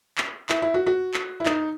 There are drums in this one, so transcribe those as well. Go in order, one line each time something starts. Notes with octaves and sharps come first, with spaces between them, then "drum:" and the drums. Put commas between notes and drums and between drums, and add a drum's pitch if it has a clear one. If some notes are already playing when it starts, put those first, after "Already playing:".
drum: clap
E4, drum: clap
E4
F#4
F#4
drum: clap
E4
D#4, drum: clap